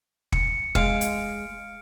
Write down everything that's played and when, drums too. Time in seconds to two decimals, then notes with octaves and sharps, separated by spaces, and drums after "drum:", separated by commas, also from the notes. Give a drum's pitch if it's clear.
0.32 C#7, drum: kick
0.75 G#3 F5 F6 D7, drum: kick
1.01 drum: hi-hat